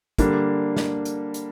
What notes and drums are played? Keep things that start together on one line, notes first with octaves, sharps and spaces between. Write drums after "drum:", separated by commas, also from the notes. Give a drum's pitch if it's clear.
D3 G3 A#3 D4, drum: kick, hi-hat
drum: snare
drum: hi-hat
drum: hi-hat